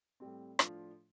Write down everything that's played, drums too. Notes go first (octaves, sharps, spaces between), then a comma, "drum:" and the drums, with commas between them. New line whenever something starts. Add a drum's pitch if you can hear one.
A2 G3 C4
A2 F3 D4 F4, drum: rim click